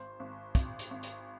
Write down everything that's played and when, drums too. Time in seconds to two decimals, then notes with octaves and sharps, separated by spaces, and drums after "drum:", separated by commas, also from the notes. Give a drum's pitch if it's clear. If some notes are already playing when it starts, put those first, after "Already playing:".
Already playing: G#1 C5
0.20 G#1
0.55 G#1, drum: kick, hi-hat
0.79 drum: hi-hat
0.91 G#1
1.03 drum: hi-hat